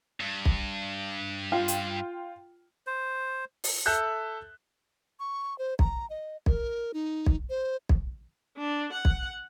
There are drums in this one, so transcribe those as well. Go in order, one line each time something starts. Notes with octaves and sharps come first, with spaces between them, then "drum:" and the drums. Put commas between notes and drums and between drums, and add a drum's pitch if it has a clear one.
G2
drum: kick B1
F4 G5
drum: hi-hat
C5
drum: open hi-hat
A4 E5 F#6 G6
C#6
C5
A#5, drum: kick B1
D#5
A#4, drum: kick B1
D#4
drum: kick B1
C5
drum: kick B1
D4
F#5
drum: kick B1